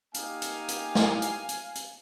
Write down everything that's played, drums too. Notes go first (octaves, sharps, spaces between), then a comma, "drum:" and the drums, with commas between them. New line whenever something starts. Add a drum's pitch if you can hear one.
A#3 D#4 G4 F5 G#5, drum: hi-hat
drum: hi-hat
drum: hi-hat
drum: snare
drum: hi-hat
drum: hi-hat
drum: hi-hat